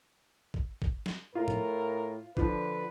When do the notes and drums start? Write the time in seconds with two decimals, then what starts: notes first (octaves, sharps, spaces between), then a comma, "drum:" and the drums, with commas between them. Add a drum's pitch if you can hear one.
0.54 drum: kick A1
0.82 drum: kick A1
1.06 drum: snare
1.35 A2 F4 A#4
1.48 drum: tom A2
2.37 D3 F3 D4 B4, drum: kick A1